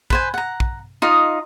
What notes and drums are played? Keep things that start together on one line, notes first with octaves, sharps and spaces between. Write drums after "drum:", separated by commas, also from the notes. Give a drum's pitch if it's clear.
B4 C5 G#5, drum: kick
F#5 A#5
drum: kick
D#4 F4 D#5